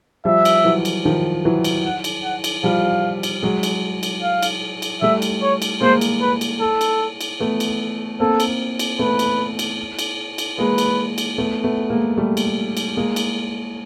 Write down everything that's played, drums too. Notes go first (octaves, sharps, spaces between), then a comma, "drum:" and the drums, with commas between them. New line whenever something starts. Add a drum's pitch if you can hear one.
F3 G3 E5
drum: cymbal
E3 F#3
drum: cymbal
D#3 F3
E3 F#3
drum: cymbal
F#5
drum: cymbal
F#5
drum: cymbal
F3 G3 F5
drum: cymbal
F#3 G#3
drum: cymbal
drum: cymbal
F5
drum: cymbal
drum: cymbal
G3 A3 E5
drum: cymbal
C#5
drum: cymbal
G#3 A#3 C5
drum: cymbal
B4
drum: cymbal
A4
drum: cymbal
drum: cymbal
A3 B3
drum: cymbal
A#3 C4 A4
drum: cymbal
drum: cymbal
A3 B3 B4
drum: cymbal
drum: cymbal
drum: cymbal
drum: cymbal
G#3 A#3 B4
drum: cymbal
drum: cymbal
A3 B3
A3 B3
G#3 A#3
G3 A3
drum: cymbal
drum: cymbal
G#3 A#3
drum: cymbal